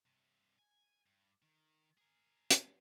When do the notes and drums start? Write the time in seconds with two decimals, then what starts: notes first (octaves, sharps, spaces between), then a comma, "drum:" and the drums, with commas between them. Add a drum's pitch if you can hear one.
0.06 G2 C3
0.59 G#5
1.06 G2
1.42 D#3
1.98 G#4 A#4
2.50 drum: hi-hat